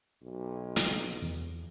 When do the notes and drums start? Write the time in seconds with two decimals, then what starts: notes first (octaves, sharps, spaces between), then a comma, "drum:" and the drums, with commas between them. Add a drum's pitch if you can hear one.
0.22 B1
0.76 drum: hi-hat
1.22 E2